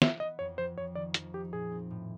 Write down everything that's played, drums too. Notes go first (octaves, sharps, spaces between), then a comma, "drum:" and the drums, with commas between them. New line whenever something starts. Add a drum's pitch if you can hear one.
E3 E5, drum: snare
B3 D#5
F2 C#5
F3 C5
F2 C#5
D#3 D5
F3, drum: hi-hat
D#4 G4
A#2 G#4
C4
A2